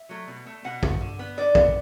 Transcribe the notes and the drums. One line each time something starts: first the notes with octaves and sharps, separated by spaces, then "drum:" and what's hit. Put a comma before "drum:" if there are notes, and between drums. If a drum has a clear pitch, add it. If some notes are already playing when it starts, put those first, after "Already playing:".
Already playing: E5
F#3 A3
B2
A3
B2 F#5
A3, drum: kick
D3
B3
D3 D5
B3, drum: kick